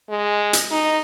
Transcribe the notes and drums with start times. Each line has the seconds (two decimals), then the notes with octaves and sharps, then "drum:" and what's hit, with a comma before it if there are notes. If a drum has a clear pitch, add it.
0.10 G#3
0.53 drum: hi-hat
0.71 D#4